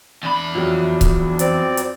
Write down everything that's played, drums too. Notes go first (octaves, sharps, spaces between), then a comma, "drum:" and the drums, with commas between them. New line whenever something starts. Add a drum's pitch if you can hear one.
E2 D4 B5
F2 F#3
drum: kick C#1, hi-hat
C4 D5, drum: hi-hat
drum: hi-hat